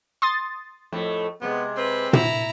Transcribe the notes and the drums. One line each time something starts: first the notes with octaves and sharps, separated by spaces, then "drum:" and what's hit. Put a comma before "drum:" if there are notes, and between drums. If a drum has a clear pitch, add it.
C6 D#6 A6
F2 A2 A3
C3 G#3 B3
C4 B4
E4 A#5, drum: tom